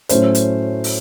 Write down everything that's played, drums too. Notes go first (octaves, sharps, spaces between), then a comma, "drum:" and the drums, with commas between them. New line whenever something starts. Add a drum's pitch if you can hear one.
A2 F#3 A3 C#4 C5, drum: hi-hat
drum: hi-hat
drum: open hi-hat